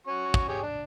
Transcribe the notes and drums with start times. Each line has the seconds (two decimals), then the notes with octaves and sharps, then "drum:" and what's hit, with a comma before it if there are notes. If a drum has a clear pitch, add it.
0.07 C#4 F#4 C#6
0.34 drum: kick
0.48 G4 G#4 C#5
0.63 D4